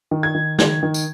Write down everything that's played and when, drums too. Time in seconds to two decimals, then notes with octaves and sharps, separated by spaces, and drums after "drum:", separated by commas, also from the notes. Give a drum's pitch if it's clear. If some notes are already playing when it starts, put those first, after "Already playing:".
0.11 D#3
0.23 G#6
0.35 D#3
0.59 D#3 G#6, drum: snare G#4
0.83 D#3
0.94 drum: tambourine